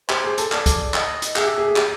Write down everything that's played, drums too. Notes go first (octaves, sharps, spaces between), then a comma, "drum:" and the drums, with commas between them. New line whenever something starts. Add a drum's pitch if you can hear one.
G4 C5, drum: clap
G#4
A4, drum: hi-hat
A4 D5, drum: clap
drum: kick, hi-hat
D#5, drum: clap
drum: hi-hat
G#4 E5, drum: clap
G4
G#4
G#4
G4, drum: clap